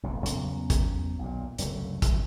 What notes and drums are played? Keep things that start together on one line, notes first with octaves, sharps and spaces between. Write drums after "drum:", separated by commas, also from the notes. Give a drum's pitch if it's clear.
E1 A#1 F2 C3
E2 C#3 F#3 B3, drum: hi-hat
drum: kick, hi-hat
B1 A#2
F#1 C2 F#3 A3, drum: hi-hat
drum: kick, hi-hat